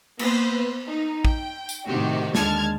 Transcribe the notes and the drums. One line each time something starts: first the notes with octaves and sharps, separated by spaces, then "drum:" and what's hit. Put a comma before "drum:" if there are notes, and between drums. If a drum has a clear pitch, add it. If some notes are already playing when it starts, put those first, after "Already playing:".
A#3 B3 B4 C5, drum: cymbal
D#4
G5, drum: kick
drum: tambourine
A2 C3 D#3 F#4 G4
D#2 D3 G#3 A5 F6 G#6, drum: snare